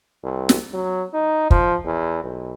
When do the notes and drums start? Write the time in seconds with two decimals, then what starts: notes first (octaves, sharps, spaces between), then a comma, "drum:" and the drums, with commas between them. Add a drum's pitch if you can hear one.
0.24 C2
0.49 drum: snare
0.74 F#3
1.14 D#4
1.51 F3, drum: kick
1.85 E2
2.24 B1